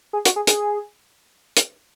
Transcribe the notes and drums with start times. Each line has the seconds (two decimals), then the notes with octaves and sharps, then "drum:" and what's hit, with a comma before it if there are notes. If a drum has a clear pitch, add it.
0.13 G#4
0.25 F#4, drum: hi-hat
0.36 G#4
0.47 G#4, drum: hi-hat
1.56 drum: hi-hat